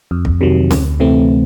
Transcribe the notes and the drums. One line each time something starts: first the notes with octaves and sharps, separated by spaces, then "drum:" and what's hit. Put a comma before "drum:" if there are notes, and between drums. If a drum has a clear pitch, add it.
F2
drum: kick
C3 D#3 F#3
D2, drum: snare C#4
C3 E3 A3 C4